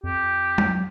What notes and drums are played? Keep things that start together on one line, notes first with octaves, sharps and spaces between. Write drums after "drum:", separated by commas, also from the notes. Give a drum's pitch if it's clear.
F2 G4
drum: tom F#3